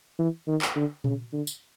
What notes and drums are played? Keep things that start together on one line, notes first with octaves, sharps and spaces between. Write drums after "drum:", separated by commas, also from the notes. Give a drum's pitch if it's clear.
E3
D#3
drum: clap
D3
C#3, drum: tom A#2
D3
drum: tambourine